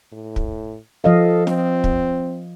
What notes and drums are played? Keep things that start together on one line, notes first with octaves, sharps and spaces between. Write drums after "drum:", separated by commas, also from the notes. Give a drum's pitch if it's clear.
A2
drum: kick
F3 A4 D#5 F5
C4, drum: snare
drum: kick